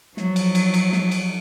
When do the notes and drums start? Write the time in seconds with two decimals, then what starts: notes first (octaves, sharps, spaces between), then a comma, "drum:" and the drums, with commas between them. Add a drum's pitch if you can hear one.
0.17 F3 F#3, drum: snare
0.36 drum: cymbal
0.55 drum: cymbal
0.74 drum: cymbal
0.93 drum: snare
1.11 drum: cymbal